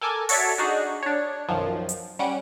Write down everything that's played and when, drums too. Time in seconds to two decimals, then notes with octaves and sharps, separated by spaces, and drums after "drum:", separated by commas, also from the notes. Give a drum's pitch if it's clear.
0.02 A4 A#4 G#5 A5 D6
0.29 F#4 A4 C#5 D5 E5, drum: open hi-hat
0.58 D4 D#4 F#4 G#4
1.03 D4 C#5
1.49 B1 F#2 D#3 F3
1.89 drum: hi-hat
2.19 G3 C#4 F#5 D7